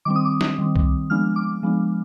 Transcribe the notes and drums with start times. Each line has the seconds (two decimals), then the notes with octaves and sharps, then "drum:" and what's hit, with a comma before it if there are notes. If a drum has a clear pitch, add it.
0.05 D#3 G3 C4 D6
0.16 D#6
0.25 D6
0.41 drum: snare
0.58 D#3 G3 C4
0.76 drum: kick
1.10 F3 G#3 B3 D4 F6
1.36 D6
1.63 F3 G#3 B3 D4